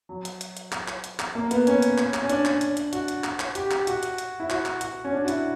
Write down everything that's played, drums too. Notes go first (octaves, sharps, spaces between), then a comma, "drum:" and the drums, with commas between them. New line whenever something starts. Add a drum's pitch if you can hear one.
F#3
drum: hi-hat
drum: hi-hat
drum: hi-hat
drum: clap
drum: clap
drum: hi-hat
drum: clap
A#3
B3, drum: hi-hat
C#4, drum: hi-hat
drum: hi-hat
drum: clap
drum: clap
C#4
D4, drum: hi-hat
drum: clap
drum: hi-hat
drum: hi-hat
F#4, drum: hi-hat
drum: hi-hat
drum: clap
drum: clap
G4, drum: hi-hat
drum: clap
F#4, drum: hi-hat
drum: hi-hat
drum: hi-hat
E4
F#4, drum: clap
drum: clap
F#4, drum: hi-hat
C#4
D4
F#4
E4, drum: hi-hat